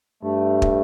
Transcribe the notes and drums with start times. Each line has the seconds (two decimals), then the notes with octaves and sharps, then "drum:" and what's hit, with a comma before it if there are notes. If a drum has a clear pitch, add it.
0.23 G2 A3
0.62 drum: kick